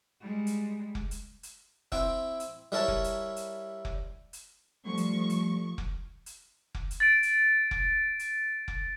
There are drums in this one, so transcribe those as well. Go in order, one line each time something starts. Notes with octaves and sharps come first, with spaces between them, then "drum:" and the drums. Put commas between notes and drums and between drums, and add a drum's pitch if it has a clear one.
G3 G#3
drum: hi-hat
drum: kick F1
drum: hi-hat
drum: hi-hat
C4 E4 G5, drum: kick F1
drum: hi-hat
G3 E4 A#4 C#5 A5
drum: kick F1
drum: hi-hat
drum: hi-hat
drum: kick F1
drum: hi-hat
F3 G3 A3 C#6
drum: hi-hat
drum: hi-hat
drum: kick F1
drum: hi-hat
drum: kick F1
drum: hi-hat
A6 D7
drum: hi-hat
drum: kick F1
drum: hi-hat
drum: kick F1